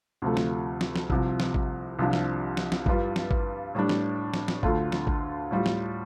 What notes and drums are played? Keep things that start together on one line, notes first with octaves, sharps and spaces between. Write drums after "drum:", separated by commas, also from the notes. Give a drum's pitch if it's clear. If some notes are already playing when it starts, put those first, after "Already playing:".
D2 C3 F3 A3
drum: snare
drum: snare
drum: snare
C2 C3 F3, drum: kick G#1
drum: snare
drum: kick G#1
C2 C3 F3 D4 F4
drum: snare
drum: snare
drum: snare
G2 G3 F4, drum: kick G#1
drum: snare
drum: kick G#1
A2 G3 D4
drum: snare
drum: snare
drum: snare
D2 D3 A3 F4, drum: kick G#1
drum: snare
drum: kick G#1
A2 G3 F4
drum: snare